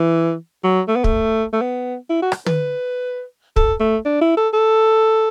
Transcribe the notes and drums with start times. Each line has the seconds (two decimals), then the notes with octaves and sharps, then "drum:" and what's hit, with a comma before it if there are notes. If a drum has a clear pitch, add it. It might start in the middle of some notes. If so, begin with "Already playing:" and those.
Already playing: E3
0.64 F#3
0.88 A3
0.96 B3
1.04 A3, drum: kick
1.53 A3
1.62 B3
2.10 E4
2.22 F#4
2.32 drum: rim click
2.46 B4, drum: tom
3.56 A4, drum: kick
3.80 A3
4.05 D4
4.21 E4
4.37 A4
4.53 A4